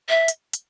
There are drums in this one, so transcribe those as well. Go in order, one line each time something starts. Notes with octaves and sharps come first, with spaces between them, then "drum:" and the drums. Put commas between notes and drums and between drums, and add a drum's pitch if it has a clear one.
E5
drum: hi-hat
drum: hi-hat